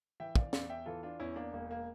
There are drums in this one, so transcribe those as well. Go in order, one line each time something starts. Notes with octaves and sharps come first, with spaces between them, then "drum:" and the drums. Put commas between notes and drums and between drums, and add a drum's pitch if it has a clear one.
E3 E5 G5
D5 F5, drum: kick
E2 D5 F5, drum: snare
E5 G5
E3 F4 A4
D4 F4
E2 C#4 E4
A#3 D4
E1 A#3
A#3